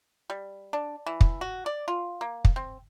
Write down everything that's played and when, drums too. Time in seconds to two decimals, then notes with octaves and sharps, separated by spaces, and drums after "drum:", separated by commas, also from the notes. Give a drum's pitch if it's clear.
0.30 G3
0.73 D4
1.07 E3
1.21 drum: kick
1.41 F#4
1.66 D5
1.88 F4
2.21 A#3
2.45 drum: kick
2.56 C4